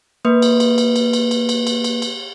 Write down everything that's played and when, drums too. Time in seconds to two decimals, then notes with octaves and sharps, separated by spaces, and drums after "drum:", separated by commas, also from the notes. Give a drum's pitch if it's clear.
0.25 A#3 B4
0.42 drum: cymbal
0.60 drum: cymbal
0.78 drum: cymbal
0.96 drum: cymbal
1.13 drum: cymbal
1.31 drum: cymbal
1.49 drum: cymbal
1.67 drum: cymbal
1.84 drum: cymbal
2.02 drum: cymbal